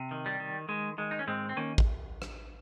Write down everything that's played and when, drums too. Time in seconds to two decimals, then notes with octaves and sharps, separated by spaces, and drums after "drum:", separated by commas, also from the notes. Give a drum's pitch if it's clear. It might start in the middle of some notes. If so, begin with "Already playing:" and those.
Already playing: C3
0.11 D#3
0.26 G3
0.40 D#3
0.69 D#3 G#3
0.98 D#3 G#3
1.11 D#4
1.19 C#4
1.27 G#2 G#3 C4
1.49 C4
1.56 D#3 A#3 C#4
1.78 drum: kick A1
2.22 drum: rim click